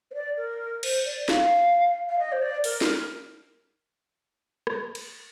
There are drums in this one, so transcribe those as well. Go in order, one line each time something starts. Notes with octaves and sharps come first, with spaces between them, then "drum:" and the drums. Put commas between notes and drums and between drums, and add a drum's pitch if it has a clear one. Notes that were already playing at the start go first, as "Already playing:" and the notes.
C5
D5
A#4
C5, drum: cymbal
D5
F5, drum: snare
F5
D#5
C5
D5
A#4, drum: open hi-hat
drum: snare
drum: rim click
drum: cymbal